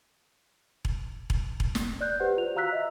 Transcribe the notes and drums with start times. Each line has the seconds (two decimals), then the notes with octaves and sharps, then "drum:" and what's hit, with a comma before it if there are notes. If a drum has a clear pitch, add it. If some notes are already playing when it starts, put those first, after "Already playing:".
0.85 drum: kick E1
1.30 drum: kick E1
1.60 drum: kick E1
1.75 drum: snare
2.01 D5 F#6 G6
2.20 G4 B4 C5 D5 F#5
2.37 F4 F7
2.55 F#4 F5 A#5 E6 F#6 B6
2.72 D#5 E5